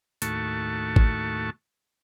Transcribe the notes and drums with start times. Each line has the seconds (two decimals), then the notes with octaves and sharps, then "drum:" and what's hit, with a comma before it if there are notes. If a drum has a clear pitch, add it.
0.22 D#2 A2 A3 F#4 A5 C#6, drum: hi-hat
0.96 drum: kick G#1